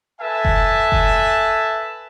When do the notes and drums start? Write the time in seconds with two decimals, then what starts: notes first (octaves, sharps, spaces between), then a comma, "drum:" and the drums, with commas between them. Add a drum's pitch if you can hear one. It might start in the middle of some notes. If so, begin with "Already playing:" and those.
0.21 A4 B4 E5 G#5 A5
0.45 drum: kick F#1
0.92 drum: kick F#1